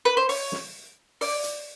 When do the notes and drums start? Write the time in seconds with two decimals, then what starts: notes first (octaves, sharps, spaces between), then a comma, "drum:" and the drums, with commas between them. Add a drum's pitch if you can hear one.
0.05 B4
0.17 C5
0.29 C#5, drum: open hi-hat
0.52 drum: snare
1.21 D5, drum: open hi-hat
1.44 drum: hi-hat